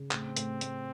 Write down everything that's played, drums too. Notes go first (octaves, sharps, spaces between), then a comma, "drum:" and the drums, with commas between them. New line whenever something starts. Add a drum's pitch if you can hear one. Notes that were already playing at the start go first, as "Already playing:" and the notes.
Already playing: C#3
A2 C4, drum: clap
A2, drum: hi-hat
A2, drum: hi-hat